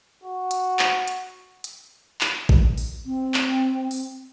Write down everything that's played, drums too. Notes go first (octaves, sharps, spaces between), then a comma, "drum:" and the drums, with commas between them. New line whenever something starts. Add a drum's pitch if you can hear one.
F#4
drum: hi-hat
drum: clap
drum: hi-hat
drum: hi-hat
drum: clap
drum: kick G#1
drum: open hi-hat
C4
drum: clap
drum: open hi-hat